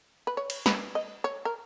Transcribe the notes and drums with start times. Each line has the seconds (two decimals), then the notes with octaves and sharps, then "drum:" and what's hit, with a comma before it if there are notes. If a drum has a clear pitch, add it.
0.27 B4
0.37 C#5
0.50 drum: cymbal
0.66 B4, drum: snare
0.95 D#5
1.24 C#5
1.45 A#4